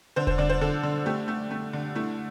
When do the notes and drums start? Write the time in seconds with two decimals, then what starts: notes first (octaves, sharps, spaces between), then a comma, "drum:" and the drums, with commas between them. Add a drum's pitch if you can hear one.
0.16 D3 C5
0.27 C5, drum: kick E1
0.38 D3 D5
0.49 C5
0.61 D3 A4
0.83 D3
1.06 A3 G4
1.28 A3
1.51 A3
1.73 D3
1.95 A3 E4